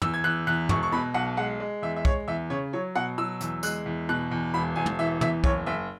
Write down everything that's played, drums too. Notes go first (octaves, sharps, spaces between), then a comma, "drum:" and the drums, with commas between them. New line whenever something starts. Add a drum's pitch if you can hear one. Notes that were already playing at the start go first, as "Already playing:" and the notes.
E2 E6, drum: tom
G#6
E2 F#6
E2 F#6
E1 C#6, drum: tom
C#6
B2 B5
B1 F#5
G#3 F#5
G#3
E2 E5
E5
G#3 C#5, drum: kick
E2 E5
C#3 C#5
F#3 C#5
B2 F#5
F#3 E6
E2, drum: hi-hat
G#3 F#6, drum: tambourine
E2
B2 F#6
E2
E1 B5
E1 G#5
drum: tom
E3 E5
E2 E5, drum: tom
F#1 C#5, drum: kick
F#1 E5